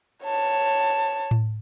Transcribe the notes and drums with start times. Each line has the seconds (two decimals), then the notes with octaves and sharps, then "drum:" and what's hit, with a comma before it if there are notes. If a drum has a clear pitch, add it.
0.24 C#5 A5
1.31 drum: tom A2